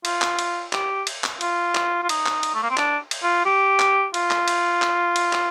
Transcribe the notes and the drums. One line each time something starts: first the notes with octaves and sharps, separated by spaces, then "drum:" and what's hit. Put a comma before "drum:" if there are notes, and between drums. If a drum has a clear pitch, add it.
F4, drum: cymbal
drum: clap
drum: cymbal
G4, drum: clap
drum: cymbal
drum: clap
F4, drum: cymbal
drum: clap
F4
D#4, drum: cymbal
drum: clap
drum: cymbal
A3
A#3
C4
D4, drum: clap
drum: cymbal
F4
G4
drum: clap
F4, drum: cymbal
drum: clap
drum: cymbal
drum: clap
drum: cymbal
drum: clap